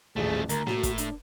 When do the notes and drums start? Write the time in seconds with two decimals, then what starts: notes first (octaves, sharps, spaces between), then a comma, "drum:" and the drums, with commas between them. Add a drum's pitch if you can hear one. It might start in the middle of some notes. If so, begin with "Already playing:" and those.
0.16 D#1 A1 F3 A3 G#4
0.49 D2 A#4 A#5, drum: hi-hat
0.67 A2 F#4, drum: snare A#3
0.83 drum: kick, hi-hat
0.98 D4, drum: hi-hat